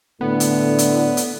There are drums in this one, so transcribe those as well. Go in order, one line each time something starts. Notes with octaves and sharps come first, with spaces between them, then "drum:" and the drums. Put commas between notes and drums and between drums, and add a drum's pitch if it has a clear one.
A2 D3 B3
drum: hi-hat
drum: hi-hat
drum: hi-hat